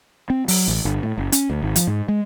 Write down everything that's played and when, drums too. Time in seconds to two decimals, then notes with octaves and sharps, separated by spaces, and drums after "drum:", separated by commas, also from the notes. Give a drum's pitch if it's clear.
0.30 C4
0.48 F#3, drum: open hi-hat
0.68 A1
0.85 G1
1.03 A2
1.18 F#1
1.32 C#4, drum: hi-hat
1.50 D2
1.62 G#1
1.76 F3, drum: hi-hat
1.87 G#2
2.08 G#3